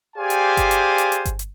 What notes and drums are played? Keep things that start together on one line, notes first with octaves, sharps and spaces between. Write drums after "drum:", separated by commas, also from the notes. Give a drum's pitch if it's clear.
G4 G#4 C5 D5 F5 G#5
drum: hi-hat
drum: kick G1, hi-hat
drum: hi-hat
drum: hi-hat
drum: hi-hat
drum: kick G1, hi-hat
drum: hi-hat